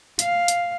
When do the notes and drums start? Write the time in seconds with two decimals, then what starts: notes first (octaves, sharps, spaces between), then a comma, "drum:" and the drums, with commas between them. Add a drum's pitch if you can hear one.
0.19 F5, drum: hi-hat
0.48 drum: hi-hat